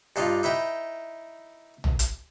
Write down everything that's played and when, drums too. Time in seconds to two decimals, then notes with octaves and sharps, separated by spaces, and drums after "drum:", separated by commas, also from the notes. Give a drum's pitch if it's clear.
0.16 G2 D4 D#4 F4
0.43 D#4 E4 B4 G5
1.84 drum: tom A#1
1.99 drum: hi-hat